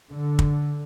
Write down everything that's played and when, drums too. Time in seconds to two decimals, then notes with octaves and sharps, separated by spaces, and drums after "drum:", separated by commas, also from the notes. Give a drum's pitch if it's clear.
0.11 D3
0.39 drum: kick